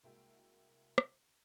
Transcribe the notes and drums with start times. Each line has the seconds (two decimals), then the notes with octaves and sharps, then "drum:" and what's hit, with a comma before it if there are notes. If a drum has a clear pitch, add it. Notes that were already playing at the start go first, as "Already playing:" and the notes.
0.03 C2 G#3 A#3 F#4 E5 G5
0.98 drum: rim click